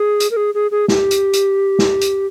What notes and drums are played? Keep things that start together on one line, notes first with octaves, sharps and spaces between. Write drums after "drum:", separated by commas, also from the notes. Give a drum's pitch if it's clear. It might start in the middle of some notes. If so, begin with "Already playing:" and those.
Already playing: G#4
drum: hi-hat
A#4
G#4
G#4
G#4
G4, drum: snare
drum: hi-hat
drum: hi-hat
drum: snare
drum: hi-hat